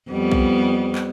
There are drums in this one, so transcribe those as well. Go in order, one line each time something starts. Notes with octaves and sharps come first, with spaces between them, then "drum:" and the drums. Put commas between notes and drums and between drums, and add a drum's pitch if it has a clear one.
F2 G3 B3
drum: kick B1
drum: clap